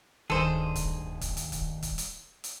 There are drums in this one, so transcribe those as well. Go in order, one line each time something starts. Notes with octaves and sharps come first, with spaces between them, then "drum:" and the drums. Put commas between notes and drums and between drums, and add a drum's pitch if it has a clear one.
D1 G2 D#3 G#4 A4 C5
drum: kick C#1, hi-hat
drum: kick C#1, hi-hat
drum: hi-hat
drum: kick C#1, hi-hat
drum: kick C#1, hi-hat
drum: hi-hat
drum: hi-hat